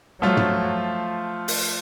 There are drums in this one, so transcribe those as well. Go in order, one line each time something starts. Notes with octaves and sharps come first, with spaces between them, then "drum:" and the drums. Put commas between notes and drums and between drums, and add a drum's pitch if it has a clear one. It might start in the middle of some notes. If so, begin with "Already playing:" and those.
F3 F#3 A3 F4
drum: tom
drum: open hi-hat